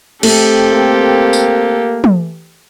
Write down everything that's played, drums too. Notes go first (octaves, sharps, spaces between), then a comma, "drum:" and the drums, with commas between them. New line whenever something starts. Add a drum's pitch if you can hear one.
A3 C4 G4 A4, drum: cymbal
A#3
drum: tambourine
drum: tom